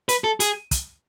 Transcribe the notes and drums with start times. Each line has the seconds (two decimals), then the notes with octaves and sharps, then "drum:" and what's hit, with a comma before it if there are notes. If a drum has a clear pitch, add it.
0.09 B4, drum: hi-hat
0.24 A4
0.40 G#4, drum: hi-hat
0.71 drum: kick, hi-hat